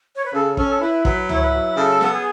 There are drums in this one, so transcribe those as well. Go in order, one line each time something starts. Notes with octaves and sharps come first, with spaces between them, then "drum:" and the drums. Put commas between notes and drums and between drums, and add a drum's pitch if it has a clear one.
C#5
B4
C#3 A4
C#4 A4, drum: kick
A4
E4 B4
F#3 B4, drum: kick
E4 C#5, drum: tom C#2
B4
F#3
C#3 A4
B3, drum: snare
G#4